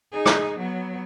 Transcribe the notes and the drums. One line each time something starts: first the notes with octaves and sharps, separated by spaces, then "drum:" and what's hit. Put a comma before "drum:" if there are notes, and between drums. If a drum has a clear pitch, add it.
D#4 G#4
drum: rim click
F#3 B3